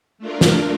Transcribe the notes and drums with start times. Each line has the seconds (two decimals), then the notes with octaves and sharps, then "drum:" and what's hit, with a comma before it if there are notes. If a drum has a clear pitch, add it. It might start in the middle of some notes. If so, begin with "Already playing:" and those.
0.18 A3 D4 F4 A#4
0.41 drum: snare